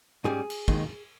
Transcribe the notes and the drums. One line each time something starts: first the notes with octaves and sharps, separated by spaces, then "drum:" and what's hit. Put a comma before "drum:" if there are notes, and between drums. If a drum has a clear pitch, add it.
G#2 G3 C#4 G#4
drum: cymbal
D#2 D#3 G#3, drum: kick